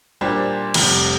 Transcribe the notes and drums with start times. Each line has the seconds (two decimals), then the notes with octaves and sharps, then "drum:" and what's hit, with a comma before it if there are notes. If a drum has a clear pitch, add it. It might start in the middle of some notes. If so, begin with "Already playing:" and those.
0.21 A#2 G3 D4 G4 C5
0.74 F1 F2 C3 G3, drum: cymbal